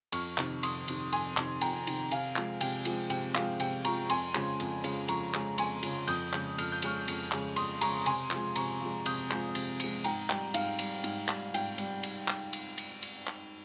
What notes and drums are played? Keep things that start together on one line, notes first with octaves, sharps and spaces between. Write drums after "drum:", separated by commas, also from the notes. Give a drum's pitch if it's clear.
F2 C#6 F6, drum: cymbal
C3 D#3, drum: clap
F2 C6 D#6, drum: cymbal
C3 D#3, drum: cymbal
F2 G#5 C6, drum: cymbal
C3 D#3, drum: clap
F2 G5 A#5, drum: cymbal
C3 D#3, drum: cymbal
C3 F5 G#5, drum: cymbal
F3 G#3, drum: clap
C3 G5, drum: cymbal
F3 G#3, drum: cymbal
C3 G5, drum: cymbal
F3 G#3 F5, drum: clap
C3 G5, drum: cymbal
F3 G#3 A#5 C#6, drum: cymbal
F2 G#5 C6, drum: cymbal
C#3 F3 G#3, drum: clap
F2, drum: cymbal
C#3 F3 G#3, drum: cymbal
F2 A#5 C#6, drum: cymbal
C#3 F3 G#3, drum: clap
F2 G#5 C6, drum: cymbal
C#3 F3 G#3, drum: cymbal
F2 D#6 G6, drum: cymbal
C#3 G#3, drum: clap
F2 F6, drum: cymbal
G6
C#3 G#3 C#6 F6, drum: cymbal
F2, drum: cymbal
C#3 G#3, drum: clap
F2 C6 D#6, drum: cymbal
C#3 G#3 A#5 C#6, drum: cymbal
C3 G#5 C6, drum: cymbal
F3, drum: clap
G#3
C3 A#5 C#6, drum: cymbal
F3 G#3
C3 D#6 G6, drum: cymbal
F3 G#3, drum: clap
C3, drum: cymbal
F3 G#3, drum: cymbal
G#2 G5 A#5, drum: cymbal
G3 G5, drum: clap
G#2 F5, drum: cymbal
G3, drum: cymbal
G#2, drum: cymbal
G3, drum: clap
G#2 G5, drum: cymbal
G3, drum: cymbal
drum: cymbal
drum: clap
drum: cymbal
drum: cymbal
drum: cymbal
drum: clap